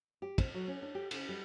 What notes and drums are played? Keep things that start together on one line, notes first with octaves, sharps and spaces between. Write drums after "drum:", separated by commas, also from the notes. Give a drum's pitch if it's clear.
G4
C4, drum: kick, cymbal
F#3
C#4
D4
G4
C#3, drum: cymbal
G3